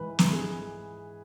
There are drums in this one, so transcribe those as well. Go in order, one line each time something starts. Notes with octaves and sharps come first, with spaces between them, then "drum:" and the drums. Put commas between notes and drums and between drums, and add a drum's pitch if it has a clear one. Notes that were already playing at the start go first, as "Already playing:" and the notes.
Already playing: G#2 E3 B4
B4, drum: snare
G#4